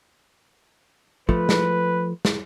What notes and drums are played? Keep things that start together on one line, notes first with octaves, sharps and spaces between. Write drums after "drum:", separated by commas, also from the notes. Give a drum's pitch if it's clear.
F3 A3 B4, drum: kick
drum: snare
drum: snare